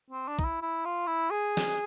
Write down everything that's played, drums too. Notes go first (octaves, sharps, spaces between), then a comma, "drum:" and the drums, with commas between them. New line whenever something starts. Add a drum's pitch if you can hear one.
C4
D4
D#4, drum: kick
E4
E4
F4
E4
G#4
drum: snare